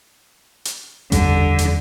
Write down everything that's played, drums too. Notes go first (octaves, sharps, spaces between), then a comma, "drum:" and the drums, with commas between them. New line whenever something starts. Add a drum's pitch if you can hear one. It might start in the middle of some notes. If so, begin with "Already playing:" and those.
drum: hi-hat
F#1 E2 D3 G3, drum: kick A1, hi-hat
drum: hi-hat